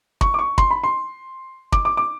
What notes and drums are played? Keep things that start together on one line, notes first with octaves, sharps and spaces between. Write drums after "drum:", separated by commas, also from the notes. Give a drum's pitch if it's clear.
C#6, drum: kick
D6
C#6
C6, drum: kick
B5
C6
D6, drum: kick
D6
D6